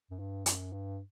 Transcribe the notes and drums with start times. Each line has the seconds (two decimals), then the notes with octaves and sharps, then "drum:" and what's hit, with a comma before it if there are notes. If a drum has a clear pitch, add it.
0.10 F#2
0.19 G2
0.46 F#2, drum: hi-hat
0.72 G2